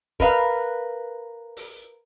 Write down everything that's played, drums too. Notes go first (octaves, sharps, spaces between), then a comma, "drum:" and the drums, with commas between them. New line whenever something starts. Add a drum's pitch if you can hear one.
A#4 B4 E5 F5, drum: kick
drum: open hi-hat